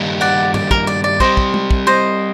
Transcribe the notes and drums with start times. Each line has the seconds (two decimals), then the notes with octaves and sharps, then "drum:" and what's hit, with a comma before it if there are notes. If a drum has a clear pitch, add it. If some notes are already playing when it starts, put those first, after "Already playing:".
Already playing: G2 D#3 G3 A#3 D#4
0.21 D5 F#5
0.54 D5, drum: tom
0.71 A#4, drum: kick
0.87 D5
1.04 D5
1.20 G3 C4 G4 C5 D#5, drum: kick
1.37 drum: kick
1.54 drum: tom
1.71 drum: kick
1.87 C5 D#5